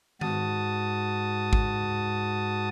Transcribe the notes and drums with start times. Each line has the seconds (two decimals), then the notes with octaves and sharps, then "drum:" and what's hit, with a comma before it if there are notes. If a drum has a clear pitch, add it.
0.21 G#2 F#4 A5 D#6, drum: tom D#3
1.53 drum: kick G#1